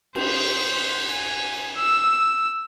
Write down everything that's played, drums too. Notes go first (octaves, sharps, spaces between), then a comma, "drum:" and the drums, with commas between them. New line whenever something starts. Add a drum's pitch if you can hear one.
C5, drum: cymbal
G#5
E6